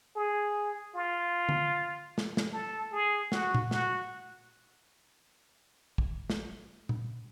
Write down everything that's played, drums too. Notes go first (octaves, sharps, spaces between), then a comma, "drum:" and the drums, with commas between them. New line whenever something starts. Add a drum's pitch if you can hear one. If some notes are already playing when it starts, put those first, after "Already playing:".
G#4
F4
drum: tom
drum: snare
drum: snare
A4
G#4
F#4, drum: snare
drum: tom A#2
F#4, drum: snare
drum: kick
drum: snare
drum: tom A#2